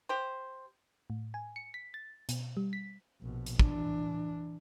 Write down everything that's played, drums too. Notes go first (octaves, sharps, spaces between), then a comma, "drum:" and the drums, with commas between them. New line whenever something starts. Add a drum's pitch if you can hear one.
G4 C5
A2
G#5
C#7
B6
A6
B2, drum: hi-hat
G3
B6
A#1 B2
drum: hi-hat
E3 D4, drum: kick